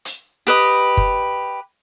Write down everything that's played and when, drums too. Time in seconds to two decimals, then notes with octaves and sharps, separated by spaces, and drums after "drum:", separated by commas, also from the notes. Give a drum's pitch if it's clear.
0.05 drum: hi-hat
0.47 G4 B4 D#5
0.97 drum: kick